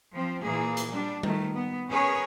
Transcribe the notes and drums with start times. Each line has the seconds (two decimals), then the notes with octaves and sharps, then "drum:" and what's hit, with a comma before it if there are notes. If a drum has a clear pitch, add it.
0.13 F3 C4
0.42 A#2 E3 A#3 G#4
0.77 drum: hi-hat
0.91 G3 D4
1.23 D#3 A3, drum: tom G3
1.54 B3
1.89 C#4 G#4 A#4 B4 C#5